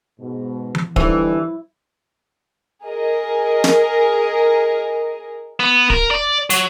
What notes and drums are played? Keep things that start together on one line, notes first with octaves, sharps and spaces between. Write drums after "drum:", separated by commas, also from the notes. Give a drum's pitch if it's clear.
G#2 B2
drum: tom E3
D3 E3 G3 D#4, drum: kick
G#4 A#4 D#5
drum: snare
B3
A#4, drum: kick
D5
F#3, drum: hi-hat